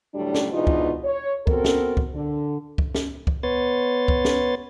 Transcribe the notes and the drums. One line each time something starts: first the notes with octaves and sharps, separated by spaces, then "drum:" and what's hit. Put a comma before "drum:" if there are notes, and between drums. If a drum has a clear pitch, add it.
D2 A2 F#3 G3 D4
drum: snare
G#2 B2 E3 D4 D#4 F4
drum: kick C#2
C#5
B3 C4 F#4 A4 A#4, drum: kick C#2
drum: snare
drum: kick C#2
D3
drum: kick C#2
drum: snare
drum: kick C#2
B3 B4 C#5 C6 A6
drum: kick C#2
drum: snare